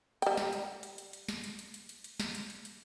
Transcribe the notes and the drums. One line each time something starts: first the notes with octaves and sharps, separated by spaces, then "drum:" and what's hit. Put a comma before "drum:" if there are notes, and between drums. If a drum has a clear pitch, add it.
G3 G5, drum: hi-hat
drum: snare
drum: hi-hat
drum: hi-hat
drum: hi-hat
drum: hi-hat
drum: snare
drum: hi-hat
drum: hi-hat
drum: hi-hat
drum: hi-hat
drum: hi-hat
drum: snare
drum: hi-hat
drum: hi-hat
drum: hi-hat